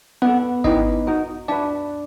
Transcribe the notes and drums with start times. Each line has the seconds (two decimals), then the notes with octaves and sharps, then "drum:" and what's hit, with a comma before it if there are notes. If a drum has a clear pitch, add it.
0.22 B3 A4 B4 D5 F#5, drum: tom B3
0.64 C#4 D#4 E4 G4 B4 D#5, drum: kick G#1
1.07 D#4 F#4 A#4
1.48 D4 F#4 B4 D5 E5 A5